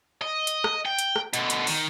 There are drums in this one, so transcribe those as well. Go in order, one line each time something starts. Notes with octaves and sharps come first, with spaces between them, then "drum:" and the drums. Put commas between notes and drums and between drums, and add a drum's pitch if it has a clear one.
D#5
drum: hi-hat
drum: rim click
G5
drum: hi-hat
drum: rim click
B2 D3, drum: hi-hat
drum: hi-hat
D#3, drum: open hi-hat